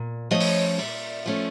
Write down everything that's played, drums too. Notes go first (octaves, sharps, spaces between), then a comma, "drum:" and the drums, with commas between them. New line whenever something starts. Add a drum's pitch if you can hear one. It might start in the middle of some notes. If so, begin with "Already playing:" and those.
Already playing: A#2
F3 A3 C#4 C#5 D#5
drum: open hi-hat
A#2 D5 E5
F3 A3 C#4